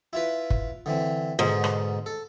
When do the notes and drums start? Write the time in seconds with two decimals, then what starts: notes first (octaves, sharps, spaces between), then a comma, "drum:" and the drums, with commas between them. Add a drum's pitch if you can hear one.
0.13 E4 F4 B4
0.50 drum: kick
0.86 D3 E3 C4
1.39 G#2 B2 D3 D#4
1.64 drum: rim click
2.06 A4